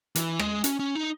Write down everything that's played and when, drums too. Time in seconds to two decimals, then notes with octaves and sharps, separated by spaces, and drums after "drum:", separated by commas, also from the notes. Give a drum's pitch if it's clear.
0.15 E3, drum: hi-hat
0.39 G#3, drum: rim click
0.64 C#4, drum: hi-hat
0.79 C#4
0.95 D#4